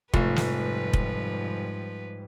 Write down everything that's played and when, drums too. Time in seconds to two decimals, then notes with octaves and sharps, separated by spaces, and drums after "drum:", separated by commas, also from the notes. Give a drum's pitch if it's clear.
0.14 F1 G#2 F3 G3 A3 F4 B4, drum: kick
0.36 drum: snare
0.93 drum: kick